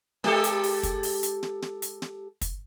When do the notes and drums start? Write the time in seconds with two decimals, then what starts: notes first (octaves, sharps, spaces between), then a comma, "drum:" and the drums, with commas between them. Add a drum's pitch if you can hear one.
0.24 G#3 G4 A4, drum: snare
0.44 drum: hi-hat
0.64 drum: open hi-hat
0.83 drum: kick, hi-hat
1.03 drum: open hi-hat
1.23 drum: hi-hat
1.43 drum: snare
1.62 drum: snare
1.82 drum: hi-hat
2.02 drum: snare
2.41 drum: kick, hi-hat